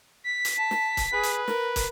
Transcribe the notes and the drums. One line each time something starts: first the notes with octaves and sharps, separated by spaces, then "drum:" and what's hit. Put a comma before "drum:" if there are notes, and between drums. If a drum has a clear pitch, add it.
B6
drum: hi-hat
A5
drum: snare
drum: kick, hi-hat
G#4 B4
drum: hi-hat
A#4, drum: snare
drum: kick, hi-hat